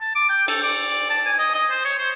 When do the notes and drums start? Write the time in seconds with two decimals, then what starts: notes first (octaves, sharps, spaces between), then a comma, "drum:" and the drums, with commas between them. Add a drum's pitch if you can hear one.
0.01 A5
0.15 D6
0.29 G5
0.48 A4, drum: cymbal
0.63 D5
1.10 A5
1.26 G#5
1.39 D#5
1.55 D#5
1.70 C5
1.85 C#5
1.99 C5